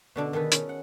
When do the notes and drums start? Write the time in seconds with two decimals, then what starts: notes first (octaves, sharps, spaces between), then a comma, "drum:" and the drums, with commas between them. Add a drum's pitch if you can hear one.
0.16 B2 D3 D4
0.33 D#3 G#4 A4 B4
0.52 C#4, drum: hi-hat
0.69 F#5